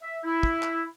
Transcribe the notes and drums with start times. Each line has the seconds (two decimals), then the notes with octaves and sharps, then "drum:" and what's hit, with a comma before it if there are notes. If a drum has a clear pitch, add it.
0.02 E5
0.24 E4
0.43 drum: kick
0.63 drum: clap